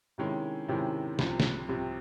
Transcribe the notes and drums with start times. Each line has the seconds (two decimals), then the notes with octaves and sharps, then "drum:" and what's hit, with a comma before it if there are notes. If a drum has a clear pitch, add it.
0.18 C3 D#3 G#3 C#4 E4
0.69 C3 D#3 G#3 C#4 E4
1.19 C2 C3 F3, drum: snare
1.40 drum: snare
1.68 C2 C3 F3